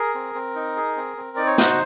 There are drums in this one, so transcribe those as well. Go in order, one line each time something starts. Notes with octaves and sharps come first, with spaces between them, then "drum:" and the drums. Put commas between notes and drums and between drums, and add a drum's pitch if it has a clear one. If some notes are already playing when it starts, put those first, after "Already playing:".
Already playing: G#4 A#4
C4
C4
D#4
G#4
C4
C4
D#4 D5
C#5
F#4 C5, drum: snare